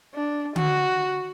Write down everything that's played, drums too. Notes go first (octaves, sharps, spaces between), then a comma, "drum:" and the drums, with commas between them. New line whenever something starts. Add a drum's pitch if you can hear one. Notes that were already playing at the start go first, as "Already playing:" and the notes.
D4
F#4, drum: tom D3